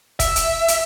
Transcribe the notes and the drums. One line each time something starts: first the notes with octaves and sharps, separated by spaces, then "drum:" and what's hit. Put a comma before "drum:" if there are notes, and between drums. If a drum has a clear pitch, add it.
E5, drum: kick, hi-hat
drum: hi-hat
drum: hi-hat